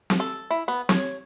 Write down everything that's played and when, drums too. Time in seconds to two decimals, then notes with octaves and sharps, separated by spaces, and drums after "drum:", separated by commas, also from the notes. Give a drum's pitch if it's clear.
0.10 drum: snare C4
0.20 A4
0.51 E4
0.68 B3
0.89 C#5, drum: snare C4